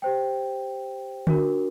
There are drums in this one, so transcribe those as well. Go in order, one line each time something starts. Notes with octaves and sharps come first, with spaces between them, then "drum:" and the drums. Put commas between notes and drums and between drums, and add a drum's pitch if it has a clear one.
G4 C5 G5
D4 F#4 A#4, drum: tom D3